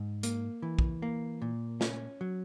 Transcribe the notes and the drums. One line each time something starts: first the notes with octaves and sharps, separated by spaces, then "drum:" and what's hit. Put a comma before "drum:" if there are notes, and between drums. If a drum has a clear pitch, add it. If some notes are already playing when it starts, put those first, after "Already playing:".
Already playing: G#2
A#3, drum: hi-hat
E3
drum: kick
A#3
A#2
C#4, drum: snare
F#3